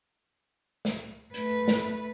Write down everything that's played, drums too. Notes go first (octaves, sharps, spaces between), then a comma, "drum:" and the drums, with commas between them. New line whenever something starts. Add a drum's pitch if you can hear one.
drum: snare
A3 B4, drum: hi-hat
drum: snare